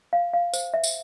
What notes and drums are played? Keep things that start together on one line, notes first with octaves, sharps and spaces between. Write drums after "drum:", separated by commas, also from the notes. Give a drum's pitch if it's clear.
F5
F5
C5, drum: tambourine
E5
drum: tambourine